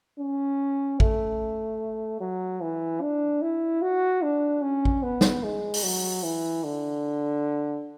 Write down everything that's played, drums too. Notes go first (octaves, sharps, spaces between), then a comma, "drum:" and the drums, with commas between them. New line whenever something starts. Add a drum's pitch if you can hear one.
C#4
A3, drum: kick
F#3
E3
D4
E4
F#4
D4
C#4
drum: kick
B3
drum: snare
G#3
drum: open hi-hat
F#3
E3
D3